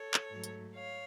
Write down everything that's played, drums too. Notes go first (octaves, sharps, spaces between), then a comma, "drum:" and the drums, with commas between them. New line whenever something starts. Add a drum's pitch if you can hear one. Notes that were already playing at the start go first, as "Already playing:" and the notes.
Already playing: A4 C#5
drum: clap
G#2 F#3 A3
drum: hi-hat
C#5 F5